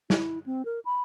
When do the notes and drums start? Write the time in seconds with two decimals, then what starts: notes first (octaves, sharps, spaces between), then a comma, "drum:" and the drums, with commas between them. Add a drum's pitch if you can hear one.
0.10 E4, drum: snare
0.46 C4
0.65 A#4
0.85 B5